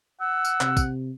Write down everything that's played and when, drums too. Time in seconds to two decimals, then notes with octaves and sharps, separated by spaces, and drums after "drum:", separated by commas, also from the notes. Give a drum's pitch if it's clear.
0.20 F#5 E6
0.45 drum: tambourine
0.61 C3, drum: clap
0.77 drum: kick, tambourine